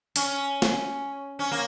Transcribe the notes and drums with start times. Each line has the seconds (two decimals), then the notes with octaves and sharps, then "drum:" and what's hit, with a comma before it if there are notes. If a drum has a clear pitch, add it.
0.16 C#4, drum: hi-hat
0.62 drum: snare
1.39 C#4
1.52 A#3